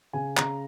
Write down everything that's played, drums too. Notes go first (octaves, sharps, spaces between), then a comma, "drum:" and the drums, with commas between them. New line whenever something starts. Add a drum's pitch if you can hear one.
C#3 G#5
C#3 A#5, drum: clap